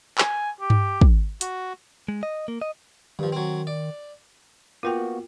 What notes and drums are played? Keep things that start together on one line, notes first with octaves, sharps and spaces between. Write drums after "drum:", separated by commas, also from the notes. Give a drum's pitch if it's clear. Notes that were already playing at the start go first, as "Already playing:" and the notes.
G#5, drum: clap
G4
drum: tom G2
drum: kick
F#4, drum: hi-hat
G#3
D#5
A#3
D#5
G2 D#3 F3
F#3 C4
D5
A#3 B3 F4 F#4 A#4 G5